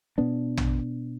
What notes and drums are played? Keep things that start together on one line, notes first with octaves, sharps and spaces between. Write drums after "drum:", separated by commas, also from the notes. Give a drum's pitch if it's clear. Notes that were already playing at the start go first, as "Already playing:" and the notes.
B2 B3 D4
drum: tom